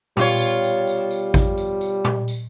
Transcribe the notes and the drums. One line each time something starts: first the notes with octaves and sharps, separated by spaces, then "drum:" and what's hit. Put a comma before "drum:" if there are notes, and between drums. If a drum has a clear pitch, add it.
B2 G3 F4 C#5, drum: tom A#2
drum: tambourine
drum: tambourine
drum: tambourine
drum: tambourine
drum: kick A1, tambourine
drum: tambourine
drum: tambourine
drum: tom A#2
drum: tambourine